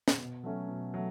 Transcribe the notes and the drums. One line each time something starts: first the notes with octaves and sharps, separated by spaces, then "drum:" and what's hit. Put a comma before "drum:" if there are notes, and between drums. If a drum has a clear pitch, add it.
drum: snare
B2
F#3 A3 C#4
B2
F#3 A3